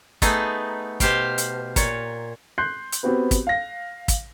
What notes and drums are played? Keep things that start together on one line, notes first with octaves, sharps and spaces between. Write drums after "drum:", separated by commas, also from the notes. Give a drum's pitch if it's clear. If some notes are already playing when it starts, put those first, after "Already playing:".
A3 B3 D#4 G#4, drum: kick, hi-hat
B2 G4 C5 F5 G5, drum: kick, hi-hat
drum: hi-hat
A#2 C#5, drum: kick, hi-hat
C6 F#6 G6 C7
drum: hi-hat
B3 C4 F#4 G4 B4
drum: kick, hi-hat
F5 A#6
drum: kick, hi-hat